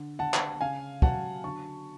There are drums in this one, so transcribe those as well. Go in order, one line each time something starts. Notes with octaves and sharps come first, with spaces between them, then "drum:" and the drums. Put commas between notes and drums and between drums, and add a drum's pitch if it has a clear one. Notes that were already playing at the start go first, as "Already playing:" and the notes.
Already playing: D3
D3 F#5 A5
drum: clap
C#3 F5 G#5
F#3 F#5 A5, drum: kick
D3 A5 C#6